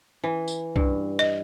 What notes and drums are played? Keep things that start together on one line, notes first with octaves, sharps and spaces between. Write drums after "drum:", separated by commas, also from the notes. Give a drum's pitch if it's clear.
E3
drum: tambourine
G2, drum: kick
D#5